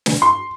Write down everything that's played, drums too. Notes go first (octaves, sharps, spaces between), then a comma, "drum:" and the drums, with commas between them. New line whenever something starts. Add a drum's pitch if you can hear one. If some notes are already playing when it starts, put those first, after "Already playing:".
drum: snare
C6